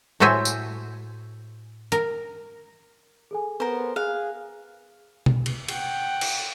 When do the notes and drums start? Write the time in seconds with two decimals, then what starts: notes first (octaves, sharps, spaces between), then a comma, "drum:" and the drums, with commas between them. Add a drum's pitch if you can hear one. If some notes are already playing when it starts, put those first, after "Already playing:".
0.20 A2 F#4 A4 C5 E5 G#5
0.45 drum: tambourine
1.92 A#4, drum: hi-hat
3.31 G#4 A4 G#5
3.60 B3 A#4 C5
3.96 G#4 F5 F#6
5.26 drum: tom B2
5.46 drum: cymbal
5.68 F#5 G5, drum: cymbal
6.21 drum: cymbal